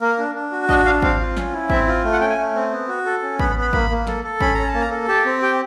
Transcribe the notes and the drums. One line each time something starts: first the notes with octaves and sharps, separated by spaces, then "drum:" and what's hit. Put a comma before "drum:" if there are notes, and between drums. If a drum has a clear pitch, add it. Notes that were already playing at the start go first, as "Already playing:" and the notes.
A#3 A#4
D4
D4
F#4
D4 D#5, drum: kick
D4 F5
C4 F5, drum: kick
F4
C#4, drum: snare
E4
C4 E5, drum: kick
F4
A3
F#5
C#4 G5
G#5
A3
C4
B3
F#4
A4
C#4
B3 B5, drum: kick
B5
B3
B5
A#3 B5, drum: kick
A#3
A4, drum: snare
A4
C#4 B5, drum: kick
C#4 A#5
A5
A#3
A#5
A4
G4 A5
C4
G4 G5